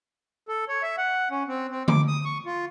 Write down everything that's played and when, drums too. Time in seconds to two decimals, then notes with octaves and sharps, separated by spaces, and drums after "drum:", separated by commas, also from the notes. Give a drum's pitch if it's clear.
0.48 A4
0.69 C#5
0.83 E5
0.98 F#5
1.31 C#4
1.48 C4
1.71 C4
1.88 D6, drum: tom D3
2.08 D#6
2.25 C#6
2.46 F4